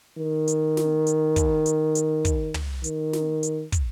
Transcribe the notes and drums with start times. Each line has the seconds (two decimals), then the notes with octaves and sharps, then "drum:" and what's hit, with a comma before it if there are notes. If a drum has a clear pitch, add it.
0.18 D#3
0.48 drum: hi-hat
0.77 drum: snare
1.07 drum: hi-hat
1.36 drum: kick, hi-hat
1.66 drum: hi-hat
1.95 drum: hi-hat
2.25 drum: kick, hi-hat
2.54 drum: tom
2.84 D#3, drum: hi-hat
3.13 drum: snare
3.43 drum: hi-hat
3.72 drum: kick, hi-hat